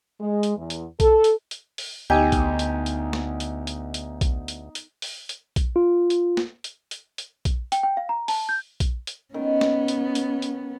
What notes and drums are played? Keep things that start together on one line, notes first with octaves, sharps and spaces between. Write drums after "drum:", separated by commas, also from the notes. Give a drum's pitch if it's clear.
G#3
drum: hi-hat
E2
drum: hi-hat
A4, drum: kick, hi-hat
drum: hi-hat
drum: hi-hat
drum: open hi-hat
D2 B3 D#4 G4 G#5 G6
drum: kick, hi-hat
drum: hi-hat
drum: hi-hat
drum: snare
drum: hi-hat
drum: hi-hat
drum: hi-hat
drum: kick, hi-hat
drum: hi-hat
drum: hi-hat
drum: open hi-hat
drum: hi-hat
drum: kick, hi-hat
F4
drum: hi-hat
drum: snare
drum: hi-hat
drum: hi-hat
drum: hi-hat
drum: kick, hi-hat
G5, drum: hi-hat
G5
F5
A#5
A5, drum: open hi-hat
G6
drum: kick, hi-hat
drum: hi-hat
D#3 B3 C#4
drum: snare
drum: hi-hat
drum: hi-hat
drum: hi-hat